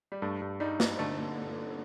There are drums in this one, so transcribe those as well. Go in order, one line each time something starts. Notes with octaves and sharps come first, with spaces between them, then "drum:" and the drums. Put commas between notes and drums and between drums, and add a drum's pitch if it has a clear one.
G3
G2 A3
G2
G3 D#4
D#4, drum: snare
D3 A3